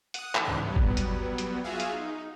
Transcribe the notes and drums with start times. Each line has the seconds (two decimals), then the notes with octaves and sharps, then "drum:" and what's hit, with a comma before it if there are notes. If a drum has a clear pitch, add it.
0.14 F#5 D#6, drum: hi-hat
0.35 drum: clap
0.45 C#2 G#2 C#3 E3 D4 F#6
0.64 F#3 G3 B3
0.76 drum: kick G1
0.97 drum: hi-hat
1.38 drum: hi-hat
1.64 F4 F#4 G#4 E5 F5
1.80 drum: hi-hat
1.93 D#4